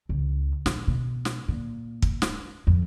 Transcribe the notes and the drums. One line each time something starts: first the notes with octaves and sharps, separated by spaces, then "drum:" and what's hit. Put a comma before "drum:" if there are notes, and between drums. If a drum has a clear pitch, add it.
C#2
A#1, drum: snare
B2
drum: snare
A#2
drum: kick
drum: snare
F2